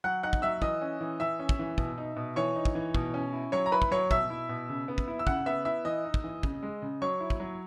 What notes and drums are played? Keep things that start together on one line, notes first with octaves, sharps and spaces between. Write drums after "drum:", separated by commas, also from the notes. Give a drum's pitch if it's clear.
F#3 F#5 F#6
D#4 F#5 F#6
drum: kick
F#3 E5 E6
E3 D#5 D#6, drum: kick
C#4
E3
E3 E5 E6
C#4
drum: kick
E3
B2, drum: kick
D#4
B2
E3 C#5 C#6
D#4
drum: kick
E3
B2, drum: kick
C#4
E4
F#3 C#5 C#6
A#5
E4 B4 B5
drum: kick
F#3 C#5 C#6
B2 E5 E6, drum: kick
E4
B2
C#3
B3
drum: kick
E4
E6
C#3 F#5 F#6, drum: kick
B3 E5 E6
E4 E5 E6
E3 D#5 D#6
D#4
drum: kick
E3
C#3, drum: kick
G#3
C#3
F#3 C#5 C#6
E4
drum: kick
F#3